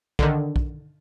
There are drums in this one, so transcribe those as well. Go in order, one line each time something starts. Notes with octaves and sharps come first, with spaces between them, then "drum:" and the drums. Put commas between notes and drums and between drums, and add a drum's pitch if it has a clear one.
D3 D#3, drum: kick
drum: kick